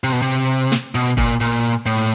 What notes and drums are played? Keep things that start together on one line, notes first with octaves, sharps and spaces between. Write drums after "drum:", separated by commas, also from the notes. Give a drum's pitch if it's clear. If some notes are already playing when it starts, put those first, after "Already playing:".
C3
B2
C3
drum: snare
B2
A#2, drum: kick G1
A#2
A2